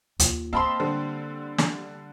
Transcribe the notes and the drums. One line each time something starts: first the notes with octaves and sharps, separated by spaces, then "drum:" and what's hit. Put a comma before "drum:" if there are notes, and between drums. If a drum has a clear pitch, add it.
D#2 F4, drum: hi-hat
A#3 C4 D#5 F5 A5 B5 C6
D3 G3
drum: snare